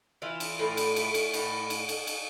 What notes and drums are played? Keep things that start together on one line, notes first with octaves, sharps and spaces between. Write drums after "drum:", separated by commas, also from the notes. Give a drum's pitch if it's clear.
E3 F4
drum: cymbal
A2
drum: cymbal
A3, drum: cymbal
drum: cymbal
A2, drum: cymbal
drum: cymbal
drum: cymbal
drum: cymbal